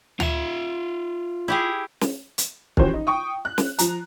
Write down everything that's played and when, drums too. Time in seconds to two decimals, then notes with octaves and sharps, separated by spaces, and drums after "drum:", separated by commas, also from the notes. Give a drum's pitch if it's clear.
0.20 F4 E5, drum: tom D2
1.48 E4 G4 G#4
2.01 drum: snare
2.38 drum: hi-hat
2.77 E3 F3 C#4 F#4 G4 C5, drum: kick
2.94 D#4
3.07 G5 C#6 D#6
3.45 F#6
3.58 drum: snare
3.79 F3 A#5, drum: hi-hat